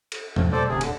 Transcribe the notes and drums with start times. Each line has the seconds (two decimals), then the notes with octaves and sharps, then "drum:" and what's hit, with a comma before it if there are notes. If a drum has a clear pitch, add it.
0.12 drum: cymbal
0.36 A2 F3 A3, drum: tom E2
0.52 B2 G3 A3 A4 C5 D5
0.69 D#1 D2 C3 G#4
0.81 D3, drum: cymbal